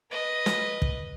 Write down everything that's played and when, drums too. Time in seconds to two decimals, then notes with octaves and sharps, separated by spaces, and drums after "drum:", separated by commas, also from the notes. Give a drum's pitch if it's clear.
0.10 B4 D#5
0.46 drum: snare
0.82 drum: kick